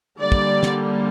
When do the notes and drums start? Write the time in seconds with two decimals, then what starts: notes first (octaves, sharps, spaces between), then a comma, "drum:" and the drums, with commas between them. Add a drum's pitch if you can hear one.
0.20 D3 G3 A#3 D5
0.32 drum: kick
0.63 drum: snare